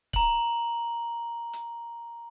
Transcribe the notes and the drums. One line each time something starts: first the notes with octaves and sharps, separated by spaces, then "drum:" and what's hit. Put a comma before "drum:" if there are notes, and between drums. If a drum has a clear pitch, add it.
A#5 F#7, drum: kick C#1
drum: hi-hat